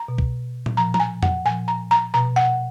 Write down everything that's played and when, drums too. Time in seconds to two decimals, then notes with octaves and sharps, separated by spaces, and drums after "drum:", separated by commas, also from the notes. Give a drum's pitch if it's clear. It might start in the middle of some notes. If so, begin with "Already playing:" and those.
Already playing: A#5
0.08 B2
0.18 drum: kick C2
0.66 drum: tom A#2
0.77 A#2 F3 A#5
0.94 A#5, drum: tom
1.00 G#5
1.23 F#5, drum: tom F2
1.45 A#2 F3 G#5
1.68 A#5
1.91 A#5
2.14 B2 A#5
2.36 F#5